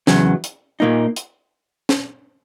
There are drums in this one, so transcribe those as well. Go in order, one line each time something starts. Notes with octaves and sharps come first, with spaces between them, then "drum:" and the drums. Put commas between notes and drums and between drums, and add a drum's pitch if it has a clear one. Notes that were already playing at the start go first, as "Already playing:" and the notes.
E2 C#3 F#3, drum: snare
drum: hi-hat
A#2 A#3 D#4
drum: hi-hat
drum: snare